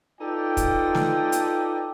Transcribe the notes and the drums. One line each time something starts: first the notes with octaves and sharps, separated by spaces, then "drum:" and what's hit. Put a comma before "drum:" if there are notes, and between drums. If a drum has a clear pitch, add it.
D#4 F4 A4 B4 D5 G5
drum: kick, hi-hat
drum: snare
drum: hi-hat